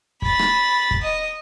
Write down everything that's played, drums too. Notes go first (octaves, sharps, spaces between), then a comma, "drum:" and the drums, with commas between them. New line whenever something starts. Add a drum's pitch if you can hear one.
B5 A6, drum: kick
drum: rim click
drum: kick
D#5